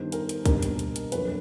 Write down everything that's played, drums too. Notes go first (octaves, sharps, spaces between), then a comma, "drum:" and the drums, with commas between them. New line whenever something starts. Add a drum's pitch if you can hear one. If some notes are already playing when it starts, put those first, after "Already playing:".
Already playing: G2 D#3 G3 B3 C5
A#4, drum: hi-hat
drum: hi-hat
B2 G3 A#3 D4 A#4, drum: kick, hi-hat
drum: hi-hat
drum: hi-hat
drum: hi-hat
F2 D3 F#3 A#3 B4, drum: hi-hat